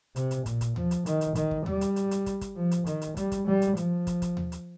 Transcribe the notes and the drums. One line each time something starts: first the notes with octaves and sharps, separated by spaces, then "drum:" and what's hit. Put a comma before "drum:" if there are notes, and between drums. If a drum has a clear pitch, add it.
C3, drum: hi-hat
drum: hi-hat
A#2, drum: kick, hi-hat
drum: kick, hi-hat
F3, drum: tom D#2
drum: hi-hat
D#3, drum: hi-hat
drum: hi-hat
D#3, drum: kick, hi-hat
drum: kick
G3, drum: tom D#2
drum: hi-hat
drum: hi-hat
drum: hi-hat
drum: kick, hi-hat
drum: kick, hi-hat
F3
drum: hi-hat
D#3, drum: hi-hat
drum: hi-hat
G3, drum: kick, hi-hat
drum: kick, hi-hat
G3
drum: hi-hat
F3, drum: hi-hat
drum: kick, hi-hat
drum: kick, hi-hat
drum: tom D#2
drum: hi-hat